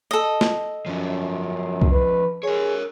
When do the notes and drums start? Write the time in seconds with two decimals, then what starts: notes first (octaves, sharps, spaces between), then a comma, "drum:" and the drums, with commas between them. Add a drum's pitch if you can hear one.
0.11 A4 D#5
0.41 drum: snare
0.86 F#2 F3 C#4
1.82 drum: kick C2
1.92 B4
2.43 G#4 A#4 C#5